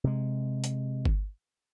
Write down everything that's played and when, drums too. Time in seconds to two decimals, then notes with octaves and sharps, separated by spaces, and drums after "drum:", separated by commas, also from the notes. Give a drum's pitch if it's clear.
0.04 C3 G#3
0.64 drum: hi-hat
1.05 drum: kick G1